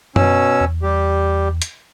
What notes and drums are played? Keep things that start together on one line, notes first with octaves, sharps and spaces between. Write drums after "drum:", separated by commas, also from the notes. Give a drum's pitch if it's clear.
B2 C#4 E6, drum: tom F#2
E2
G3 G4
drum: hi-hat